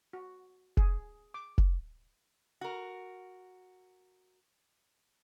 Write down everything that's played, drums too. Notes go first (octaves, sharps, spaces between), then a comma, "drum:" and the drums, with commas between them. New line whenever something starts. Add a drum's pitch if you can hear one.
F#4
G#4, drum: kick F1
D6
drum: kick F1
F#4 A#4